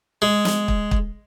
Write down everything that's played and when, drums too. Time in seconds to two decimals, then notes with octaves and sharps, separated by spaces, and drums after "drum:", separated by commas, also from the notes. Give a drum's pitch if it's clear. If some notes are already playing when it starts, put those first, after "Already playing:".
0.22 G#3
0.45 drum: snare
0.68 drum: kick
0.91 drum: kick